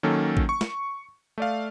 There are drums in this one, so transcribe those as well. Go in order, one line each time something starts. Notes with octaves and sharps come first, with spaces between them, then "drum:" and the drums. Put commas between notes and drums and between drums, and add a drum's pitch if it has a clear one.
D#3 F#3 A#3 C#4 A4
drum: kick A1
C#6
drum: snare
A3 D5 F5